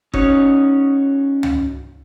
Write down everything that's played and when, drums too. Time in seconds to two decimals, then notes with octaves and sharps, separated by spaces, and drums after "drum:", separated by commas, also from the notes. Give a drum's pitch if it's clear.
0.14 C#4 D#4 F#4 C#5, drum: kick F#1
1.43 drum: tom